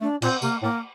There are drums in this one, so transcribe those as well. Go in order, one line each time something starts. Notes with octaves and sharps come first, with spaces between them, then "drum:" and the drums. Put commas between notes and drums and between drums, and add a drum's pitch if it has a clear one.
A3 D4
A#2 C4, drum: cymbal
C3 A#3, drum: tambourine
A2 A#3